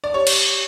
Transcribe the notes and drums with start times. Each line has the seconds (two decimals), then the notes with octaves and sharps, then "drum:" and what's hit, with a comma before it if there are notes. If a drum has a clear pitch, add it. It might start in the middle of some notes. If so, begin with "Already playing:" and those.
0.04 D5
0.14 G4 C#5
0.27 drum: cymbal